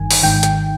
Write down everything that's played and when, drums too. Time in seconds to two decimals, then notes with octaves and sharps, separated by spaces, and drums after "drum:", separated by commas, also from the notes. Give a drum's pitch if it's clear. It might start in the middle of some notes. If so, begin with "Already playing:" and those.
Already playing: G1 G2 D#3 G#5
0.11 drum: open hi-hat
0.23 G#1 G#2 D#3 G5
0.43 drum: hi-hat